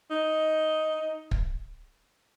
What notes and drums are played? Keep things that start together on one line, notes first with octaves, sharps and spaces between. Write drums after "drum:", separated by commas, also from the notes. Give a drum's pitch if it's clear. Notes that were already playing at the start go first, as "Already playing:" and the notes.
D#4
drum: kick